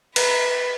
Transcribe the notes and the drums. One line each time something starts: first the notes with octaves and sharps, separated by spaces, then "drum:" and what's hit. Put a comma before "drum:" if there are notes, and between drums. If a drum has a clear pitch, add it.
B4 B5, drum: cymbal